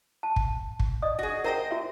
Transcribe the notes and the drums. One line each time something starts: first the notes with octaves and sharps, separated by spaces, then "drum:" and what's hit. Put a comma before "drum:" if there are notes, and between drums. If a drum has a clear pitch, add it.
A5
drum: kick
drum: kick
D5 D#5 D#6
F#4 G#4
A#4 C5 D#5 G5 A#5
F#4 E5